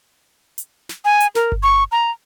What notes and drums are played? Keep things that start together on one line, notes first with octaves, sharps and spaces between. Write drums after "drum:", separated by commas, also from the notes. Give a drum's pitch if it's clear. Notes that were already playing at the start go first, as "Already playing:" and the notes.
drum: hi-hat
drum: snare
G#5
drum: hi-hat
A#4, drum: snare
drum: kick G1
C#6
A#5